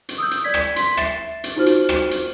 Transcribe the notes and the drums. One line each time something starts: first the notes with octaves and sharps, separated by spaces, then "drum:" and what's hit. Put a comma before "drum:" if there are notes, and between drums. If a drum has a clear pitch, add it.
drum: hi-hat
D#6 E6 G6
drum: hi-hat
D5 G#6 B6
drum: rim click
C6 B6, drum: hi-hat
E5 A6 C7 E7, drum: rim click
drum: hi-hat
D#4 F4 F#4 C5 F6
drum: hi-hat
drum: rim click
drum: hi-hat